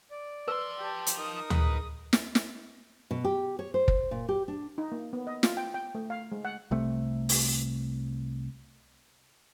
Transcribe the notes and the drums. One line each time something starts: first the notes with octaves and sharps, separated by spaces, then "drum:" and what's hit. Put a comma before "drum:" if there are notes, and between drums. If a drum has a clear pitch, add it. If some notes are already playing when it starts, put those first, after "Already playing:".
D5
F3 B4 C6 E6
G4 A5
drum: hi-hat
D#4 A#4 D#6
G#4 B4, drum: tom D2
drum: snare
drum: snare
B2
G4
C#5
C5
drum: kick
A#2
G4
D4
D#4
A#3
B3
D#5
F4, drum: snare
G5
G5
A3
F5
G#3
F#5
C2 C3 A3
drum: open hi-hat